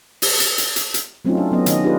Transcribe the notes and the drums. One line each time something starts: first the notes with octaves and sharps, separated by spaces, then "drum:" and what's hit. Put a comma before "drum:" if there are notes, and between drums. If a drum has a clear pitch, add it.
drum: open hi-hat
drum: hi-hat
drum: hi-hat
drum: hi-hat
drum: hi-hat
F#3 A3 C4 C#4 D#4 F4
D4 A4
F#3 B3 C#4 D#5
D#3 D#5, drum: hi-hat
D4 D#4 F4 G4 G#4 B4